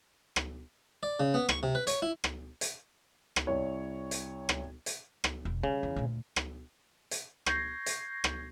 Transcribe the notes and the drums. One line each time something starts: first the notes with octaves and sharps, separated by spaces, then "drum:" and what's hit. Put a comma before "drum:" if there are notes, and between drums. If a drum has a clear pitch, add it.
drum: rim click
D5
C#3
B3
C#6, drum: rim click
C3
B4
C#5, drum: hi-hat
E4
drum: rim click
drum: hi-hat
drum: rim click
C2 C#5
drum: hi-hat
drum: rim click
drum: hi-hat
drum: rim click
E1
C#3 G3
E2
D2 A#2
drum: rim click
drum: hi-hat
C#6 G6 G#6 A#6 C7, drum: rim click
drum: hi-hat
drum: rim click